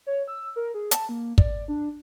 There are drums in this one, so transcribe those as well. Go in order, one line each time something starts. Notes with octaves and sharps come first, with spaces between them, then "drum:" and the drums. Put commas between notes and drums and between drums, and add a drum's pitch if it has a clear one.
C#5
E6
A#4
G#4
A5, drum: hi-hat
A#3
D5, drum: kick
D4